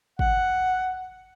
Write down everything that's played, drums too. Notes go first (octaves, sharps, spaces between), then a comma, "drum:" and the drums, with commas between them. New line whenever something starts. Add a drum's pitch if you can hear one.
F#5, drum: kick